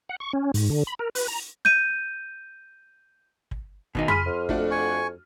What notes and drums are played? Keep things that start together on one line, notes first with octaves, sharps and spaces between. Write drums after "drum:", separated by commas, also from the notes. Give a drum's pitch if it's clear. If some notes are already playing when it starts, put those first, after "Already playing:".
F#5
C#6
C#4
G#2, drum: open hi-hat
D3
B5
A#4
B4, drum: open hi-hat
A#5
G6 D#7, drum: snare
drum: kick
B2 D#3 D#4, drum: kick
G#4 B5 C6 F6 D#7, drum: tom F2
F2
A3 D4 F#4, drum: kick
G#5 C#6